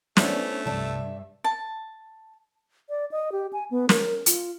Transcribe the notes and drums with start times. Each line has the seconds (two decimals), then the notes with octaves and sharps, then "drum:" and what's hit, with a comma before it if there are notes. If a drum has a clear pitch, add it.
0.17 A3 B3 C#4 D4 E4 C5, drum: snare
0.66 C2 G2 D5 E5 A5
1.44 A5
2.89 D5
3.12 D#5
3.32 G4
3.53 G#5
3.71 B3
3.89 A#4, drum: snare
4.26 F4, drum: hi-hat